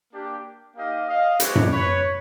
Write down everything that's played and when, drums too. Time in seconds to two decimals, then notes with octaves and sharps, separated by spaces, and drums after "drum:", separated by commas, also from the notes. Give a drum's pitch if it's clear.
0.13 A#3 D4 G4
0.76 A#3 D#4 G4 D#5 F5
1.08 D#5 F5
1.40 G#3 C4 E4 G4 B4 C#5, drum: hi-hat
1.55 drum: tom F#2
1.72 B4 C#5